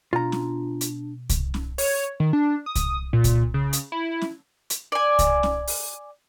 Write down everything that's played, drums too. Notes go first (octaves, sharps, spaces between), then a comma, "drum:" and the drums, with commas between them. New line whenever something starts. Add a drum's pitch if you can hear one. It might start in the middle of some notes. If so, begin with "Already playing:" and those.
B2 D4 F4 A#5
drum: snare C#4
drum: hi-hat
drum: kick C2, hi-hat
drum: snare C#4
C#5, drum: open hi-hat
D#3
D4
D#6
drum: kick C2, hi-hat
A#2
drum: kick C2, hi-hat
C#3
drum: hi-hat
E4
drum: snare C#4
drum: hi-hat
D5 G#5
drum: kick C2, hi-hat
drum: snare C#4
drum: open hi-hat